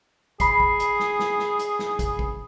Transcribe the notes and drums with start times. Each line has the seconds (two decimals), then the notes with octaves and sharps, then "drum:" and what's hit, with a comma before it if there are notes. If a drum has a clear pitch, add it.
0.40 G#4 B5 C7, drum: kick, hi-hat
0.60 drum: kick
0.80 drum: hi-hat
1.00 drum: snare
1.20 drum: snare
1.39 drum: snare
1.59 drum: hi-hat
1.79 drum: snare
1.99 drum: kick, hi-hat
2.19 drum: kick